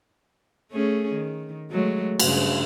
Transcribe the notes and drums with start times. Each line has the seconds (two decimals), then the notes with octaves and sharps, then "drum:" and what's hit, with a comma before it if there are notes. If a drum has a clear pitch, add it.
0.71 A3 C#4 G#4
1.13 D#3
1.71 F#3 G#3 A3
2.20 G2 C#3, drum: cymbal